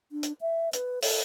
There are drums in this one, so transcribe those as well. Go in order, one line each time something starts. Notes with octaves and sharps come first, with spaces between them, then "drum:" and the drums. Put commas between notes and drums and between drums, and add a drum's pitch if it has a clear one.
D4
drum: hi-hat
E5
B4, drum: hi-hat
A4, drum: open hi-hat